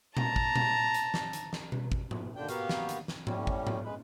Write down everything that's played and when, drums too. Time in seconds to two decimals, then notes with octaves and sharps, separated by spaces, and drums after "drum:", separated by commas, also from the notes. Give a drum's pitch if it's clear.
0.17 A5 A#5, drum: tom A#2
0.36 drum: kick
0.55 drum: tom A#2
0.94 drum: hi-hat
1.14 drum: snare
1.33 drum: hi-hat
1.53 drum: snare
1.72 drum: tom B2
1.92 drum: kick
2.11 drum: tom G#2
2.36 D#2 D3 D4 G5
2.49 A#3 B3 F#4 G4 F5, drum: hi-hat
2.69 drum: snare
2.89 drum: hi-hat
3.08 drum: snare
3.27 A2 G3 C#4, drum: tom G#2
3.47 drum: kick
3.67 drum: tom G#2
3.84 G#3 B4